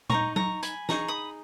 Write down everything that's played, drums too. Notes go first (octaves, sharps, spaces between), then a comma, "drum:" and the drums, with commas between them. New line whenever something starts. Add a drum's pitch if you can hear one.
D#4 A#4 D#5 A#5 C#6, drum: tom A#2
A#5 C#6, drum: tom F#3
G#5 B5, drum: hi-hat
D#4 G#4 D#5 A#5 C#6, drum: snare
B5 D#6